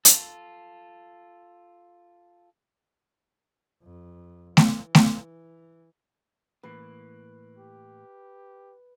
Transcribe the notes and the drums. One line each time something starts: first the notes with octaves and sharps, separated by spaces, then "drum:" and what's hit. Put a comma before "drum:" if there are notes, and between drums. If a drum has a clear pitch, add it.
F4 A4, drum: hi-hat
F2
E3, drum: snare A3
drum: snare A3
A2 E3 A#3 B4
G4